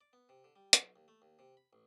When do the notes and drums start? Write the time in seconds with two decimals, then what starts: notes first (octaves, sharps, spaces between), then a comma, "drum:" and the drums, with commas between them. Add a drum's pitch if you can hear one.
0.01 D5
0.13 B3
0.29 C3
0.44 D3
0.56 G3
0.73 B1, drum: hi-hat
0.96 D#2
1.08 A3
1.22 D#2
1.39 C3
1.57 B5
1.73 A1